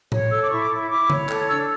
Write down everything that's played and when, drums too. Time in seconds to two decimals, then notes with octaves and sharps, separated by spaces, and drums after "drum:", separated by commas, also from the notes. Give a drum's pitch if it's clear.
0.12 C#5, drum: tom A2
0.31 A4 E6
0.41 D6
0.50 E4 C#6
0.60 D6
0.70 E4
0.90 E4 D6
1.10 C#5, drum: tom
1.29 A4, drum: clap
1.48 D4 E6